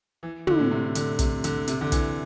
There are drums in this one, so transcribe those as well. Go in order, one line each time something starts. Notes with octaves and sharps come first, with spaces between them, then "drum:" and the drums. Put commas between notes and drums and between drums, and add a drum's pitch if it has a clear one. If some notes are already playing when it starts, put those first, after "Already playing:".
E3
D3, drum: tom
A2
C3
D3, drum: hi-hat
C3, drum: kick, hi-hat
D3, drum: hi-hat
C3, drum: hi-hat
D3
E3, drum: kick, hi-hat